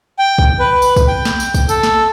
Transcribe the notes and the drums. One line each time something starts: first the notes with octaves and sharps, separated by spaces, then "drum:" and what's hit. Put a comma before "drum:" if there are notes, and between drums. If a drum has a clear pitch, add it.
G5
drum: kick
B4
drum: tambourine
drum: kick, tambourine
G5
drum: snare
drum: tambourine
drum: kick, tambourine
A4, drum: tambourine
drum: snare